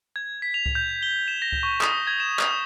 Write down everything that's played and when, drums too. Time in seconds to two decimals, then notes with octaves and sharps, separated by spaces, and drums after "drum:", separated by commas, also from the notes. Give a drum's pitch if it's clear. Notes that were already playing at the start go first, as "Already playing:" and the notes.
0.16 G#6
0.42 B6
0.54 F7
0.66 drum: kick C#2
0.75 G6
1.03 G7
1.28 E7
1.42 A#6
1.52 drum: kick C#2
1.63 C#6
1.81 D#6, drum: clap
2.07 G#6
2.20 E7
2.39 D#6, drum: clap